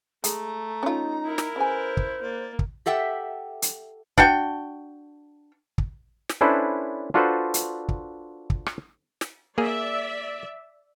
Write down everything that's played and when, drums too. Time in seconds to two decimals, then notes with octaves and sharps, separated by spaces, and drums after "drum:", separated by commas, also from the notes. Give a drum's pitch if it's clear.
0.24 G#3 A3 A#5, drum: hi-hat
0.83 C#4 D#4 F4
1.25 E4 A#4
1.38 drum: snare
1.56 C#3 B4 C5 G#5
1.97 drum: kick
2.22 A#3 D5
2.59 drum: kick
2.86 G4 A4 E5 F#5 G5
3.62 drum: hi-hat
4.18 D4 F#4 G5, drum: kick
5.78 drum: kick
6.29 drum: snare
6.41 C#4 D4 E4 A4 B4 C5
7.14 D4 F4 F#4 A4 B4 C5
7.54 drum: hi-hat
7.89 drum: kick
8.50 drum: kick
8.66 drum: rim click
9.21 drum: snare
9.58 A#3 G#4 D5 E5